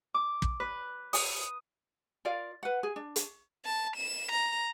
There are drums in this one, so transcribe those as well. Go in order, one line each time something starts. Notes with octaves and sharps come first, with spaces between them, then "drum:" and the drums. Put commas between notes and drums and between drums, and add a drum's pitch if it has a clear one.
D6
drum: kick
B4
D#6, drum: open hi-hat
F4 A#4 D5 F5
B4 F#5
G#4
D4
drum: hi-hat
A5
E7
A#5